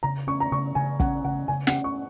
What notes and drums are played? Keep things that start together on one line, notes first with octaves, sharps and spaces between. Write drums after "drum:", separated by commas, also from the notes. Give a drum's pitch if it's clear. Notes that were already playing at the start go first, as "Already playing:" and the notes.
C#3 A#5
C#4 C#6
A#5
C#3 C#6
C#3 G#5
C#4 F#5, drum: kick
C#3 F#5
C#3 G#5
F#5, drum: snare
C#4
C#6